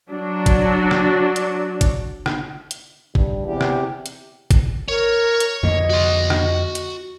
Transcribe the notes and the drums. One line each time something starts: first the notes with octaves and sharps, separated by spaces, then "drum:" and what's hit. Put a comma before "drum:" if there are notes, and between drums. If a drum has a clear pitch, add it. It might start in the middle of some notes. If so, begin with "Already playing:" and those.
F#3 D4 F#4
drum: kick G1, hi-hat
drum: rim click
drum: hi-hat
drum: kick G1, hi-hat
drum: rim click
drum: hi-hat
G2, drum: kick G1
E2 C3 G4
drum: rim click
drum: hi-hat
drum: kick G1, hi-hat
A#4 C#5
drum: hi-hat
F2 D3 A#3 D#5
F#4 C6
drum: rim click
drum: hi-hat